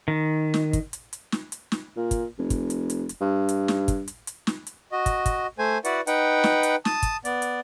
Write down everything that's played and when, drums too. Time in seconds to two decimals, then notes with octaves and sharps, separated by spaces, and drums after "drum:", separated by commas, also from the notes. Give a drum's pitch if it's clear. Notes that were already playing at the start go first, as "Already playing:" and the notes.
0.08 D#3
0.54 drum: snare
0.73 drum: kick, hi-hat
0.93 drum: hi-hat
1.13 drum: hi-hat
1.32 drum: snare
1.52 drum: hi-hat
1.72 drum: snare
1.97 A#2
2.11 drum: kick, hi-hat
2.38 F1
2.50 drum: kick, hi-hat
2.70 drum: hi-hat
2.90 drum: hi-hat
3.09 drum: hi-hat
3.21 G2
3.49 drum: hi-hat
3.68 drum: snare
3.88 drum: kick, hi-hat
4.08 drum: hi-hat
4.27 drum: hi-hat
4.47 drum: snare
4.67 drum: hi-hat
4.92 F#4 D#5
5.06 drum: kick, hi-hat
5.26 drum: kick, hi-hat
5.58 A3 C5 G#5
5.85 E4 F#4 B4 D5 F#5, drum: hi-hat
6.07 D#4 B4 F#5 G5, drum: hi-hat
6.44 drum: snare
6.63 drum: hi-hat
6.85 A5 D#6, drum: snare
7.03 drum: kick, hi-hat
7.25 B3 D5, drum: hi-hat
7.42 drum: hi-hat